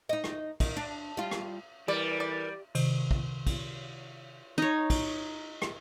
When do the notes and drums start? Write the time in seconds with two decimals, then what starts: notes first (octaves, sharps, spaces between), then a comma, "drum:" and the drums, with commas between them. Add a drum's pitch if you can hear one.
0.09 D#4 D#5
0.24 drum: rim click
0.60 D#3, drum: kick, cymbal
0.77 D4
1.17 G3 F4
1.31 drum: rim click
1.88 E3 G3 G4 A#4 B4 D5
2.20 D5
2.75 C3 D#3, drum: cymbal
3.11 drum: kick
3.47 drum: kick, cymbal
4.58 D#4 C#5
4.90 drum: kick, cymbal
5.62 drum: rim click